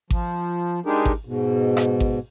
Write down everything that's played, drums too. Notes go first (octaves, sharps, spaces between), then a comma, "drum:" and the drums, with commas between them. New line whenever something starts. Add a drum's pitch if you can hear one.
F3, drum: kick G#1
G#3 D4 D#4 G4 G#4 A#4
drum: kick G#1
G#2 B2
drum: rim click
drum: kick G#1